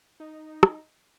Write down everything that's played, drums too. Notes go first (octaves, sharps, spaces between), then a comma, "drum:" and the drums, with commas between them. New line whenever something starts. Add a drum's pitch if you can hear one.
D#4
drum: rim click